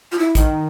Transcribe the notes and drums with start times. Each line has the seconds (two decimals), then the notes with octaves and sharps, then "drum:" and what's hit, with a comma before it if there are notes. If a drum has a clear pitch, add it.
0.12 F4
0.19 E4
0.35 D#3, drum: kick, hi-hat